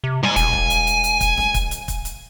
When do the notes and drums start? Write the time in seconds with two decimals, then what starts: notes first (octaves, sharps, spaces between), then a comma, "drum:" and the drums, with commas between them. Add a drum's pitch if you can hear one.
0.04 C3
0.23 G#2 G3 G#5
0.36 E1 G#5, drum: hi-hat
0.53 drum: kick
0.70 drum: hi-hat
0.87 drum: hi-hat
1.04 drum: hi-hat
1.21 drum: kick, hi-hat
1.37 drum: snare
1.54 drum: kick, hi-hat
1.71 drum: hi-hat
1.88 drum: kick, hi-hat
2.05 drum: hi-hat